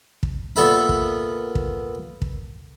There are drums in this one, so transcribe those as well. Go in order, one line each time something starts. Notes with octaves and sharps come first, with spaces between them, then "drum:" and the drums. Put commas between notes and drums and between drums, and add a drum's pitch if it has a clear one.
drum: kick
A#2 B3 A4 E5 B5
drum: kick
drum: kick
drum: kick